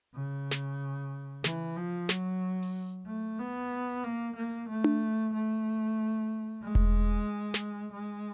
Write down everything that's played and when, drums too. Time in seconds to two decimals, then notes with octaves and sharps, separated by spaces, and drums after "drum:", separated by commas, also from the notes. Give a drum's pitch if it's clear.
0.15 C#3
0.51 drum: snare
1.44 E3, drum: snare
1.76 F3
2.09 F#3, drum: snare
2.62 drum: open hi-hat
3.06 A3
3.39 B3
4.04 A#3
4.36 A#3
4.68 A3
4.84 drum: tom D4
5.33 A3
6.62 G#3
6.75 drum: kick E1
7.54 drum: snare
7.92 G#3